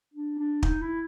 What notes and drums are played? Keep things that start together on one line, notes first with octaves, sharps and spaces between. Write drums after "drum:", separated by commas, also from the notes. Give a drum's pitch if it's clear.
D4
D4
D#4, drum: kick
E4